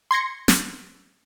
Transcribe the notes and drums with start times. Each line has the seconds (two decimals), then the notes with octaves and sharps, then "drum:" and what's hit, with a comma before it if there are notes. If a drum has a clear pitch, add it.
0.11 C6 G#6 A#6 C#7
0.48 drum: snare